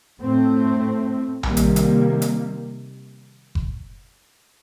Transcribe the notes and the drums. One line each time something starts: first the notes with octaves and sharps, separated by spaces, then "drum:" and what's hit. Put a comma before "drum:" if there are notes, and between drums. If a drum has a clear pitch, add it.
A2 A3 C4
C3 D#3 G3 A#3, drum: tom A#1
drum: hi-hat
drum: hi-hat
drum: hi-hat
drum: kick F#1